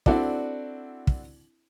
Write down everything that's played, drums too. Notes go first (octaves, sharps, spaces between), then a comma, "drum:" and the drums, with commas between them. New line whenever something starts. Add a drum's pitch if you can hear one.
C4 D4 E4 F#4 A4 D5, drum: kick
drum: kick